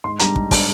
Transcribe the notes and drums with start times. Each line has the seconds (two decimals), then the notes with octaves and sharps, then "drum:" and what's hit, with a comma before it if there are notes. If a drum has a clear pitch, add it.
0.04 G#2 C6
0.19 G3 D4 A#5, drum: hi-hat
0.36 G#2, drum: kick
0.51 G3 D4, drum: kick, open hi-hat